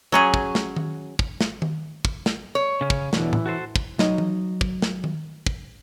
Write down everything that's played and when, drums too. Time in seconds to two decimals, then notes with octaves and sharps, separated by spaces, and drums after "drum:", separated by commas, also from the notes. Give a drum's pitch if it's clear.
0.12 F#3 C#4 G#4
0.34 drum: kick
0.55 drum: snare
0.76 drum: tom D#3
1.19 drum: kick
1.41 drum: snare
1.62 drum: tom D#3
2.05 drum: kick
2.26 drum: snare
2.55 C#5
2.81 C#3 C#4
2.90 drum: kick
3.13 E2 B2 D3 E3, drum: snare
3.33 drum: tom A2
3.46 F#4 A4 C5
3.76 drum: kick
3.99 F#3 D#4 D#5, drum: snare
4.18 drum: tom E3
4.61 drum: kick
4.82 drum: snare
5.04 drum: tom D#3
5.46 drum: kick